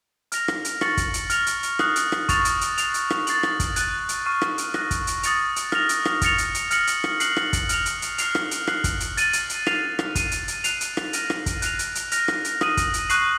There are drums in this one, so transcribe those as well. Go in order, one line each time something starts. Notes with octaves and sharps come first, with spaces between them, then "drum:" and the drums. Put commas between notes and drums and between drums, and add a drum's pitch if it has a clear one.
F6 A#6 F7, drum: hi-hat
drum: rim click
drum: hi-hat
C#6 A6 C#7 F#7, drum: rim click
drum: kick, hi-hat
drum: hi-hat
F6 A#6 F7, drum: hi-hat
drum: hi-hat
drum: hi-hat
D#6 F#6 C7, drum: rim click
drum: hi-hat
drum: rim click
C#6 A6 C7 F7, drum: kick, hi-hat
drum: hi-hat
drum: hi-hat
F#6 C7 F7, drum: hi-hat
drum: hi-hat
drum: rim click
A6 C7 F#7, drum: hi-hat
drum: rim click
drum: kick, hi-hat
F#6 A6 D#7, drum: hi-hat
drum: hi-hat
C#6 F6 C7 D#7
drum: rim click
drum: hi-hat
D#6 F#6 A#6, drum: rim click
drum: kick, hi-hat
drum: hi-hat
D#6 A6 C#7 F7, drum: hi-hat
drum: hi-hat
F6 A#6 F7, drum: rim click
drum: hi-hat
drum: rim click
C#6 A6 C#7 F7, drum: kick, hi-hat
drum: hi-hat
drum: hi-hat
F6 A#6 C#7 F#7, drum: hi-hat
drum: hi-hat
drum: rim click
F#6 C7 F#7, drum: hi-hat
drum: rim click
drum: kick, hi-hat
F6 A#6 F7, drum: hi-hat
drum: hi-hat
drum: hi-hat
F6 C7 F7, drum: hi-hat
drum: rim click
drum: hi-hat
F#6 C7 F#7, drum: rim click
drum: kick, hi-hat
drum: hi-hat
A6 D#7 F#7, drum: hi-hat
drum: hi-hat
drum: hi-hat
F6 C7 F7, drum: rim click
drum: rim click
F6 C7 D#7, drum: kick, hi-hat
drum: hi-hat
drum: hi-hat
F#6 C7 F7, drum: hi-hat
drum: hi-hat
drum: rim click
F6 A#6 D#7 F#7, drum: hi-hat
drum: rim click
drum: kick, hi-hat
F#6 C7 F7, drum: hi-hat
drum: hi-hat
drum: hi-hat
F6 A#6 F7, drum: hi-hat
drum: rim click
drum: hi-hat
D#6 A#6 D#7 F#7, drum: rim click
drum: kick, hi-hat
drum: hi-hat
C#6 F#6 C7 D#7 F#7, drum: hi-hat